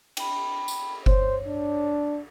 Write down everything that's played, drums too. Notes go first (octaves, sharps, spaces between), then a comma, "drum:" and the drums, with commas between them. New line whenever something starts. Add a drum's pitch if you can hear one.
G5 B5, drum: cymbal
drum: tambourine
C5 C#5, drum: kick F#1
D4